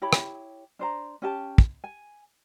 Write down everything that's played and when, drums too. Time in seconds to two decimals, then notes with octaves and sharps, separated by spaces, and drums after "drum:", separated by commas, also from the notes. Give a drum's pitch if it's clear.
0.02 E4 G4 C#5 B5
0.13 drum: rim click
0.79 D4 C5 A#5
1.22 C#4 G4 A5
1.58 drum: kick
1.84 G#5